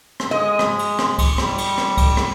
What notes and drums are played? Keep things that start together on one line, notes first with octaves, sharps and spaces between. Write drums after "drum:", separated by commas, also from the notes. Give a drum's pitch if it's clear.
drum: rim click
G#3 D#5
drum: rim click
drum: cymbal
drum: rim click
drum: kick C#2, cymbal
G3, drum: rim click
drum: cymbal
drum: rim click
drum: kick C#2, cymbal
drum: rim click